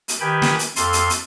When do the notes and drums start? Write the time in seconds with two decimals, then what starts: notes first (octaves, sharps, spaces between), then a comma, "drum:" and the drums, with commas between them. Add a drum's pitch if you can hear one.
0.08 drum: hi-hat
0.20 D#3 G4 B4 G5 G#5 B5
0.42 drum: snare
0.59 drum: hi-hat
0.76 F2 A4 F5 C6, drum: hi-hat
0.93 drum: hi-hat
1.10 drum: hi-hat